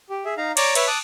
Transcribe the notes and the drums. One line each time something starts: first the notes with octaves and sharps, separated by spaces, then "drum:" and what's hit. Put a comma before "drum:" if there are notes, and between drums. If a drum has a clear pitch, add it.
G4
G#4 E5
D#4 F5 A#5
C#5 D5 A#5 D6, drum: cymbal
B4 C#5 E5, drum: cymbal
A5 D6 D#6 F#6